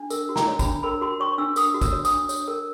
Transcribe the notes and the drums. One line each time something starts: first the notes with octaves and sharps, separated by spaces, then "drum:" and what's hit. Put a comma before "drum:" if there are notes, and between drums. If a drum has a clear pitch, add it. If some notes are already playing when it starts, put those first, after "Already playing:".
Already playing: D4
A#4, drum: tambourine
F#4
A#5, drum: snare
C#5
B5, drum: kick, tambourine
D4
A#4 B5
F#4 C6
C#5 C#6
D4 E6
A#4 D#6, drum: tambourine
F#4
E6, drum: kick, tambourine
C#5
D#6, drum: tambourine
D4
C#5, drum: tambourine
A#4